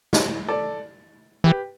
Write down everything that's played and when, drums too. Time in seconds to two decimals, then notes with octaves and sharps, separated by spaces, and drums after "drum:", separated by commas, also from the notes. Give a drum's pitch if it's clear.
0.13 drum: snare
0.48 A4 D5
1.44 E3 G4 B4